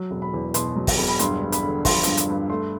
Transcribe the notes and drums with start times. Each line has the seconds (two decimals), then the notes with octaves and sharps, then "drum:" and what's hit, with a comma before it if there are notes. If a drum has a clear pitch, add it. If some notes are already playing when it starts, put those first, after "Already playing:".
Already playing: F#3
0.11 E1
0.22 B5
0.34 E2
0.54 B2 C6, drum: hi-hat
0.76 F#3
0.87 drum: kick, open hi-hat
0.98 E1
1.08 B5
1.19 G2 C6, drum: hi-hat
1.42 G2
1.52 B5, drum: hi-hat
1.63 D3
1.85 F3 C6, drum: kick, open hi-hat
1.94 B5
2.03 G2 C6, drum: hi-hat
2.17 drum: hi-hat
2.29 G2
2.50 A3 C6